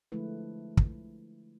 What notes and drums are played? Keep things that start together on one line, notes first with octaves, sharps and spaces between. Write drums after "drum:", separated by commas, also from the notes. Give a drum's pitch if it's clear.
D3 F3 G#3 A3 E4 B4
drum: kick